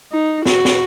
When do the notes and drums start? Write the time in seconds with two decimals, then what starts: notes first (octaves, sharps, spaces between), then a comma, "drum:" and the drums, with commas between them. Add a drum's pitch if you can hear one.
0.12 D#4
0.45 F#4, drum: snare
0.65 drum: snare